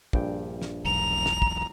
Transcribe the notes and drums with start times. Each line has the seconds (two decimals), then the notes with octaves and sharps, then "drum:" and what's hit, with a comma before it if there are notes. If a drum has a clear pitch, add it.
0.13 A#1 G2 G5, drum: kick
0.62 drum: snare
0.85 E1 B1 A#5 F7
1.26 drum: snare
1.42 drum: kick